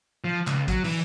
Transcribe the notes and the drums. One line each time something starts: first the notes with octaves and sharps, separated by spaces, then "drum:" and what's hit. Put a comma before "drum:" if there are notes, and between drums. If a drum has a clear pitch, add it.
F3
C#2, drum: clap
F#3, drum: kick A1, hi-hat
E3, drum: open hi-hat